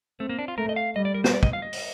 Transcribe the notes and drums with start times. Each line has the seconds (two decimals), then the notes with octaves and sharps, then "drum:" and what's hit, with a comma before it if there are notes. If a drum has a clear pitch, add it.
0.20 A3 C4
0.29 A#3
0.39 D4
0.48 F4
0.57 A3 A#4
0.69 D#5
0.76 F5
0.96 G3 D#5
1.05 D5
1.14 A#4
1.24 C5, drum: snare
1.34 D5
1.43 D#5, drum: kick
1.53 F5
1.62 D#5
1.73 drum: open hi-hat